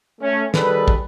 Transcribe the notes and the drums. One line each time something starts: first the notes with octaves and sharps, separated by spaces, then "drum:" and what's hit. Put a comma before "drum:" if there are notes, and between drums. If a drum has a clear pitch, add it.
A3 C#4
D#3 G3 G#4 A4 B4, drum: snare
drum: kick